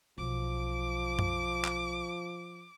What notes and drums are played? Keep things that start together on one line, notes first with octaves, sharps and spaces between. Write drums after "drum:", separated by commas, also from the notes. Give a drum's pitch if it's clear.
B1 F3 D6
drum: tom F#2
drum: clap